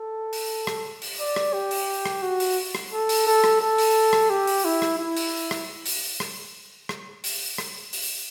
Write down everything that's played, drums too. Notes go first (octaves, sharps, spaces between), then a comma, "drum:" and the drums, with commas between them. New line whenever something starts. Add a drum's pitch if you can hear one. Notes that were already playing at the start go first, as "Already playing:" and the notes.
Already playing: A4
drum: open hi-hat
drum: rim click
drum: open hi-hat
D5
drum: rim click
G4
drum: open hi-hat
drum: rim click
F#4
drum: open hi-hat
drum: rim click
A4
drum: open hi-hat
A4
drum: rim click
A4
drum: open hi-hat
drum: rim click
G4
drum: open hi-hat
E4
drum: rim click
E4
drum: open hi-hat
drum: rim click
drum: open hi-hat
drum: rim click
drum: rim click
drum: open hi-hat
drum: rim click
drum: open hi-hat